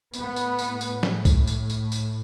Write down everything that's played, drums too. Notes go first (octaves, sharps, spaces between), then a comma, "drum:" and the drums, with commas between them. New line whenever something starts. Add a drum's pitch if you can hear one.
A2 B3, drum: tambourine
drum: tambourine
drum: tambourine
drum: tambourine
drum: snare
drum: kick C2, tambourine
drum: tambourine
drum: tambourine
drum: tambourine